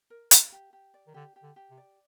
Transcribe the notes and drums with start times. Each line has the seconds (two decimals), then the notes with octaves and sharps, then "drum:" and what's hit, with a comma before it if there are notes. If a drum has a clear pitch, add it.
0.10 A#4
0.31 F5, drum: hi-hat
0.52 G4
0.73 G4
0.94 D5
1.07 D#3
1.14 D3 G4
1.36 G4
1.42 D3
1.56 G4
1.70 C3
1.77 D5